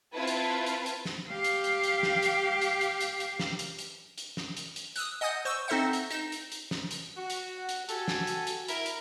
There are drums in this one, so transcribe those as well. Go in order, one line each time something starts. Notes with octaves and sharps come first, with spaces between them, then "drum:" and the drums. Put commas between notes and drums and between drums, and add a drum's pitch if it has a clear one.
C4 E4 F4 B4 A5 G#6
drum: hi-hat
drum: hi-hat
drum: hi-hat
drum: snare
G4 F5
drum: hi-hat
drum: hi-hat
drum: hi-hat
drum: snare
drum: hi-hat
drum: hi-hat
drum: hi-hat
drum: hi-hat
drum: hi-hat
drum: snare
drum: hi-hat
drum: hi-hat
drum: hi-hat
drum: snare
drum: hi-hat
drum: hi-hat
D#6 E6 F#6, drum: hi-hat
D#5 F#5 G#5 D#6 G6
C5 C#6 E6
C4 D#4 A4 C5 E5 F#5
drum: hi-hat
D#4 E7, drum: hi-hat
drum: hi-hat
drum: hi-hat
drum: snare
drum: hi-hat
F#4
drum: hi-hat
F#5
drum: hi-hat
F#4 G4 A4 G#5, drum: hi-hat
drum: snare
drum: hi-hat
drum: hi-hat
E4 A#4, drum: hi-hat
drum: hi-hat